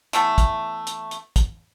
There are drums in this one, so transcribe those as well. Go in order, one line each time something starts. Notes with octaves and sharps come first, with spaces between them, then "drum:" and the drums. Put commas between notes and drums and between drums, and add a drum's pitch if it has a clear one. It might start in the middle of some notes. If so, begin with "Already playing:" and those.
E3 A3 B3, drum: hi-hat
drum: kick, hi-hat
drum: hi-hat
drum: hi-hat
drum: kick, hi-hat